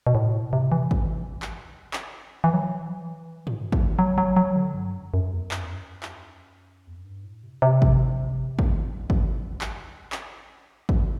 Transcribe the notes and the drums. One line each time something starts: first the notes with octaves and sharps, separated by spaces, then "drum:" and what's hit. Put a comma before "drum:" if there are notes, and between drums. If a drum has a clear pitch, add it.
B2
A2
B2
C3
E3
drum: kick
drum: clap
drum: clap
E3
F#3
E3
drum: tom
drum: kick
F#3
F#3
F#3
D3
G2
F#2
F#2
E2
F#2, drum: clap
E2
F#2
drum: clap
E2
F#2
G2
A2
C3
C3
drum: kick
drum: kick
drum: kick
drum: clap
drum: clap
drum: kick